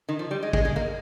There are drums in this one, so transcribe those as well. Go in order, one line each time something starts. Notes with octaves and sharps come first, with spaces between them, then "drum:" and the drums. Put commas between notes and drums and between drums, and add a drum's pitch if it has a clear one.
D#3
F3
G3
G#3
G#3, drum: kick
G#3
A#3